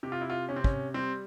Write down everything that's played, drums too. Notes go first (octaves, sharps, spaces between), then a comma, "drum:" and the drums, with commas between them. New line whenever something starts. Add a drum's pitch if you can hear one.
C3 G4
F4
E4
F4
C3 C#4
C4
C#4, drum: kick
G3 C4